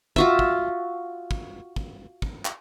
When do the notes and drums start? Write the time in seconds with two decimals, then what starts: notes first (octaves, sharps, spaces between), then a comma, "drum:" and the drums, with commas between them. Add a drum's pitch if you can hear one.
0.16 F4 F#4 E5, drum: kick
0.39 drum: kick
1.31 drum: kick
1.76 drum: kick
2.22 drum: kick
2.45 drum: clap